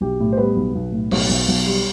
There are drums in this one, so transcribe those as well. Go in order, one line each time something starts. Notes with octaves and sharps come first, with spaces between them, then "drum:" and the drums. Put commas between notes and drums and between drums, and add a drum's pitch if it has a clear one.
B1 G4
A2
C5
G3 B3 B4
B1
B1
A2
B1, drum: cymbal
B1
B1
G3